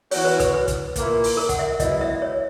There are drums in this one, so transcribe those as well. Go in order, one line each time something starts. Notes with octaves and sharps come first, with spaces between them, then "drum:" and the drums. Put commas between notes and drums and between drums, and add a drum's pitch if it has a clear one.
E3 B3 F#4 C#5, drum: open hi-hat
B4
B4, drum: kick, hi-hat
B4
drum: kick, hi-hat
A#2 A#3 E4, drum: kick, hi-hat
drum: open hi-hat
A#4
F#5, drum: kick, hi-hat
E5
G#2 F#3 B3 E4 D#5, drum: kick, hi-hat
E5
C#5